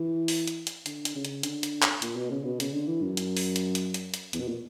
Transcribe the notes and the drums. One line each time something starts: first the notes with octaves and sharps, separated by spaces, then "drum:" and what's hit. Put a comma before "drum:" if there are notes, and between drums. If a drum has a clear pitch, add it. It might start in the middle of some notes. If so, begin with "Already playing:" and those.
Already playing: E3
drum: open hi-hat
drum: hi-hat
drum: hi-hat
D3, drum: hi-hat
drum: hi-hat
C#3
drum: hi-hat
D3, drum: hi-hat
drum: hi-hat
drum: clap
A#2, drum: hi-hat
B2
C#3
B2
C#3, drum: hi-hat
D3
E3
F#2
drum: hi-hat
drum: open hi-hat
drum: hi-hat
drum: hi-hat
drum: hi-hat
drum: hi-hat
E2, drum: hi-hat
B2
A#2